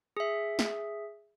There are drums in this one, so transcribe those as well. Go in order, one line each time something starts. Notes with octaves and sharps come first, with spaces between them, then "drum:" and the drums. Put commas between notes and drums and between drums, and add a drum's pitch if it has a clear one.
G#4 E5
drum: snare